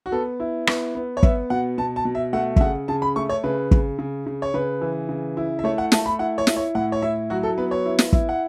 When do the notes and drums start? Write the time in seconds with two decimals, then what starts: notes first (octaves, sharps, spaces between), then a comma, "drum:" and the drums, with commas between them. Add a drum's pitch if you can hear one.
0.06 F#4
0.12 B3 A4
0.40 E4
0.67 B3, drum: rim click
0.95 B3
1.17 C#5
1.23 B3 E5, drum: kick
1.50 B2 F#5
1.78 B2 A5
1.96 A5
2.05 B2
2.15 E5
2.33 A3 F#5
2.56 E5, drum: kick
2.60 C#3 F#5
2.88 C#3 A5
3.02 B5
3.16 A3 C#6
3.29 C#5
3.44 C#3 B4
3.71 C#3, drum: kick
3.99 C#3
4.26 C#3
4.42 C#5
4.54 C#3 B4
4.81 E3
5.09 C#3
5.37 E4
5.59 E5
5.64 A3 C#5
5.78 F#5
5.92 A3 A5, drum: snare
6.06 B5
6.19 E4 F#5
6.38 C#5
6.47 E4, drum: snare
6.56 C#5
6.75 A2 F#5
6.92 C#5
7.02 E4 E5
7.30 F#3 F#4
7.43 A4
7.58 B3 B4
7.71 C#5
7.85 E4
7.99 drum: snare
8.13 E4, drum: kick
8.29 F#5